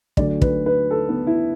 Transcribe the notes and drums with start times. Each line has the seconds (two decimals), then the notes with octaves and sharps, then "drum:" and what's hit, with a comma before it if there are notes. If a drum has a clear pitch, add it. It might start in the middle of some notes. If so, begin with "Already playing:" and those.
0.17 D2 D3 F#3 D5, drum: kick
0.42 B4, drum: kick
0.66 B4
0.90 A4
1.09 B3
1.27 E4